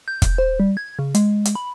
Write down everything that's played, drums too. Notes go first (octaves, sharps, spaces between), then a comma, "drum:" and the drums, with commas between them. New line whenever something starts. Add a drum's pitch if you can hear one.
G6
drum: kick, hi-hat
C5
G3
G#6
C#3
G#3, drum: hi-hat
drum: hi-hat
B5